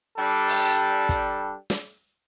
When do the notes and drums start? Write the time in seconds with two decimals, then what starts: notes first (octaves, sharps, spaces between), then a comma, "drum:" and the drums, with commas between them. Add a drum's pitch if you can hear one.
0.18 G3 D4 G4 A4
0.48 drum: open hi-hat
1.09 drum: kick, hi-hat
1.70 drum: snare